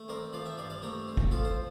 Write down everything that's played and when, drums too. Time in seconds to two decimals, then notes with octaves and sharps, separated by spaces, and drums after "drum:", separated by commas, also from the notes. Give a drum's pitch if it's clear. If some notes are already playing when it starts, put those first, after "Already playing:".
Already playing: A3
0.08 C4 A#4 D5
0.33 F3 D5 F5
0.45 E5 G5
0.57 G2 D5 F5
0.70 D5 F5
0.82 A3 G4 A#4
1.08 C4
1.17 drum: kick
1.31 F3 F4 A4
1.45 C5